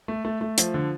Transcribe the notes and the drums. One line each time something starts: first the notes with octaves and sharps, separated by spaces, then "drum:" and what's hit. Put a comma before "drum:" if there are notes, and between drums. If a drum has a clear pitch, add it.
A3
A3
A3
F3, drum: hi-hat
D3